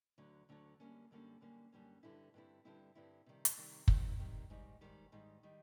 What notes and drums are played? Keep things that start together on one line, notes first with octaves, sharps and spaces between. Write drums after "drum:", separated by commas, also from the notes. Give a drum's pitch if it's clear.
D2 D3 F#3
D2 D3 F#3
F#2 D3 G3 A#3 C#4
F#2 D3 G3 A#3 C#4
F#2 D3 G3 A#3 C#4
F#2 D3 G3 A#3 C#4
G2 D3 G3 C4 E4
G2 D3 G3 C4 E4
G2 D3 G3 C4 E4
G2 D3 G3 C4 E4
C3 D#3 G3
drum: hi-hat
C3 D#3 G3
C3 D#3 G3, drum: kick
C3 D#3 G3
G#2 D#3 G3
G#2 D#3 G3
G#2 D#3 G3
D#3 G3